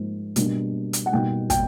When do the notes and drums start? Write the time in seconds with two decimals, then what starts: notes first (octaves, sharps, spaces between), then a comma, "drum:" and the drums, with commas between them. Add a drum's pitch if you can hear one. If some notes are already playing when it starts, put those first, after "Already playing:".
Already playing: G#2 F3 A#3
0.36 B2 G3 A#3 D4, drum: hi-hat
0.93 drum: hi-hat
1.06 F#5
1.12 B2 G3 A#3 D#4 G5
1.50 G5, drum: kick, hi-hat